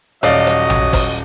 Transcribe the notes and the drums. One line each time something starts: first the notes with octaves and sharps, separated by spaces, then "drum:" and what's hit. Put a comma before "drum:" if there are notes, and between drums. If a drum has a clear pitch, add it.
D#1 F#3 D5 D#5 F5, drum: hi-hat
drum: hi-hat
drum: tom A#1
drum: kick, open hi-hat